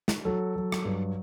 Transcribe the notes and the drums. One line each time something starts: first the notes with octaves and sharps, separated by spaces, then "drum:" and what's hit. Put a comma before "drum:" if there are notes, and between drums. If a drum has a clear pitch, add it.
drum: snare
F#3 A4
F#3
drum: rim click
G2